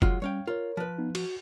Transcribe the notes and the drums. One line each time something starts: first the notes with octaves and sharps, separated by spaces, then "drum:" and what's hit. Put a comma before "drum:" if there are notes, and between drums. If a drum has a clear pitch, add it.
F#3 G#3 F4, drum: kick F#1
G3 C#4 C#5 F5 G5
F4 A#4 C#5
F3 B4
B3 D#4
F#4, drum: cymbal